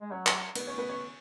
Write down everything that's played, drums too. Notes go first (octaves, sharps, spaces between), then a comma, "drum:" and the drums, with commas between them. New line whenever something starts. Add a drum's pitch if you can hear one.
G#3
F#3 C#4 C#5
drum: clap
B3 B4, drum: cymbal
C#4 C#5
B3 B4
C#4 C#5